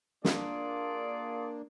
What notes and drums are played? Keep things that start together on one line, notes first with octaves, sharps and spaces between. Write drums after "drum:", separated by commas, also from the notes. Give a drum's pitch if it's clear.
A#3 D4 F4 G#4 D5, drum: snare